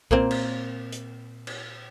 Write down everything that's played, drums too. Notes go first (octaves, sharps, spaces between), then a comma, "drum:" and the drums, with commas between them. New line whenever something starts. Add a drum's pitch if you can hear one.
A#2 A#3 C4, drum: kick B1
drum: cymbal
drum: hi-hat
drum: cymbal